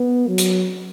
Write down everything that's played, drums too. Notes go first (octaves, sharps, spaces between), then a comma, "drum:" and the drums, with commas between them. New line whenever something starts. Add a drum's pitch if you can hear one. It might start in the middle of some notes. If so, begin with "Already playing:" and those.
Already playing: B3
F#3
drum: hi-hat